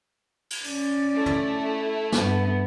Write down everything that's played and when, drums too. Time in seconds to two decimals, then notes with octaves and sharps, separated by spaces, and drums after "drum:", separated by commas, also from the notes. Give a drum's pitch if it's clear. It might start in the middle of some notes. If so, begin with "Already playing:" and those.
0.50 drum: cymbal
0.64 C#4 D5, drum: open hi-hat
1.16 A3 E4
1.26 drum: tom
2.12 G2 B3, drum: snare